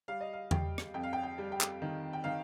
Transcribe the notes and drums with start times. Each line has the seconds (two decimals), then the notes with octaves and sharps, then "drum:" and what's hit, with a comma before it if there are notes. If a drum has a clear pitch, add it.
0.08 G3 F5
0.21 D#5
0.33 F5
0.51 G3 G5, drum: tom E2
0.78 drum: rim click
0.94 F2 G5
1.03 F5
1.13 G5
1.23 G5
1.38 G3
1.52 G5
1.61 drum: clap
1.82 D#3
2.13 G5
2.24 D#3 F5